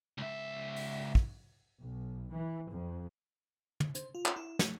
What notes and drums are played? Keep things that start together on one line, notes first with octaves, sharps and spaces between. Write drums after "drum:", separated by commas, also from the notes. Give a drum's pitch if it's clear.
C#2 E5
drum: open hi-hat
drum: kick
B1
E3
F2
drum: tom
C5, drum: hi-hat
F4
drum: clap
E4
A3, drum: snare